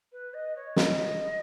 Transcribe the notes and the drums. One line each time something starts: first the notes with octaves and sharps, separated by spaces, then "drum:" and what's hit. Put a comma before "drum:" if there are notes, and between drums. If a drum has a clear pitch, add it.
B4
D#5
C#5
D#5, drum: snare